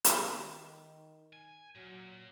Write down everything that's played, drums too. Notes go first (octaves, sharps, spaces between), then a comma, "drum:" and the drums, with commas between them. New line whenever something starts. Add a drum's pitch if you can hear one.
drum: hi-hat
D#3
G#5
A#2 F#3